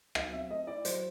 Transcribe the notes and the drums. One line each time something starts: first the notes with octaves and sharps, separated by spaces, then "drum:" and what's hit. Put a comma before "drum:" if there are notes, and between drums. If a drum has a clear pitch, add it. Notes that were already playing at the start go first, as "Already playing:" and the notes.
F#3 F5, drum: rim click
C4 E5
A3 D#5
E4 D5
F#3 C5, drum: hi-hat